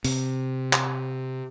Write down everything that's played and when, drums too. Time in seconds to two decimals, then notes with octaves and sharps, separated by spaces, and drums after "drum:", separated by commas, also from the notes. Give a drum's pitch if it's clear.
0.05 C3, drum: open hi-hat
0.73 drum: clap